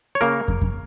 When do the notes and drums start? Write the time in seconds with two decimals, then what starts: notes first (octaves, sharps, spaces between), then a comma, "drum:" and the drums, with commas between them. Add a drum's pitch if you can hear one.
0.15 C#5
0.21 C#3 A#3 A#4
0.48 drum: kick
0.62 drum: kick